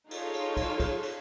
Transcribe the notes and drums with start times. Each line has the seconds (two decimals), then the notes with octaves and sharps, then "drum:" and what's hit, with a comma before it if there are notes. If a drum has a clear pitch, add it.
0.11 D#4 F4 G#4 A4 C#5 F5, drum: cymbal
0.34 drum: cymbal
0.57 drum: kick, cymbal
0.80 drum: kick, cymbal
1.03 drum: cymbal